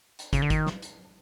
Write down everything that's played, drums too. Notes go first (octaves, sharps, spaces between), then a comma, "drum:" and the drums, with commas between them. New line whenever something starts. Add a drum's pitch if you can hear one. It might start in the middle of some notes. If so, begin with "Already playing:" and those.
drum: hi-hat
C#3, drum: kick, hi-hat
D3
D#3, drum: kick, hi-hat
drum: snare
drum: hi-hat